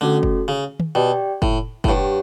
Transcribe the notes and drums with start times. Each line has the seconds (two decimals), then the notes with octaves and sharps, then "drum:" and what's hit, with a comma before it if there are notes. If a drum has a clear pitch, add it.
0.01 D3 A3 C#4 F#4 A4
0.23 drum: kick
0.48 C#3
0.80 drum: tom D#3
0.95 B2 G4 D5 G5
1.42 A2, drum: kick
1.84 A2, drum: kick
1.89 G2 G4 C#5 F#5